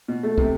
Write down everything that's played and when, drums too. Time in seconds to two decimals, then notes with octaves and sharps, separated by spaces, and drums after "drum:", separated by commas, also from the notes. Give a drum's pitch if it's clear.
0.08 B2
0.23 A3
0.38 C3, drum: kick